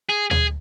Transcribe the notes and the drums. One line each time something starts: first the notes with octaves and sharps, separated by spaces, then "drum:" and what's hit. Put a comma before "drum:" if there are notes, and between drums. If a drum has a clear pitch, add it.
G#4
G#4, drum: tom D2